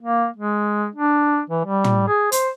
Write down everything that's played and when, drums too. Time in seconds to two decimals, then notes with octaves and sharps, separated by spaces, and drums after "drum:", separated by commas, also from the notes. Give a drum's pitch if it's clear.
0.02 A#3
0.37 G#3
0.95 D4
1.50 E3
1.65 G3
1.84 drum: tom
2.08 G#4
2.32 C5, drum: hi-hat